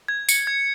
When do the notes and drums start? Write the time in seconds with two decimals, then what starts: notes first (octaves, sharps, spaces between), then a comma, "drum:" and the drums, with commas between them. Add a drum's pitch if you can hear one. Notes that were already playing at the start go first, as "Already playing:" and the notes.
0.08 G#6
0.29 C#7, drum: tambourine
0.47 G#6